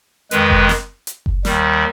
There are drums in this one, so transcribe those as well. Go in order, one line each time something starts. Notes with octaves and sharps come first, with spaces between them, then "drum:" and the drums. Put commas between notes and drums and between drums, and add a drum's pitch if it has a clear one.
F2 D#3 G#3 B4, drum: hi-hat
drum: kick F#1
drum: snare
drum: hi-hat
drum: kick F#1
D#2 D#3 G3, drum: snare